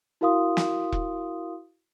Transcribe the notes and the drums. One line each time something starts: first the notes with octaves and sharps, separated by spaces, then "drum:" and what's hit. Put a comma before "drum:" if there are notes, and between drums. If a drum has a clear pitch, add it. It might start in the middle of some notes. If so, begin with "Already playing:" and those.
E4 F#4 A#4 F5 C6 D#6
drum: snare
drum: kick E1